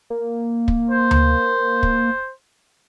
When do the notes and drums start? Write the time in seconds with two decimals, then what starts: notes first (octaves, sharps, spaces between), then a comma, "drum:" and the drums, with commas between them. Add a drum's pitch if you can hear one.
0.10 A#3
0.68 drum: kick
0.91 C5
1.11 drum: tom D2
1.83 drum: kick